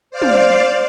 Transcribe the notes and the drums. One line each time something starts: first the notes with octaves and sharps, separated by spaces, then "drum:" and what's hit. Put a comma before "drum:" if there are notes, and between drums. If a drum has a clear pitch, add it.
C5 D5 F5
drum: tom